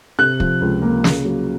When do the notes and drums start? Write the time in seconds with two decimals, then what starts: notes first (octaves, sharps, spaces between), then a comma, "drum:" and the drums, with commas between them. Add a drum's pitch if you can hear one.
0.19 C3 F#6
0.40 F3, drum: kick
0.61 C#2
0.82 A#3
1.04 C#3, drum: snare
1.25 F#3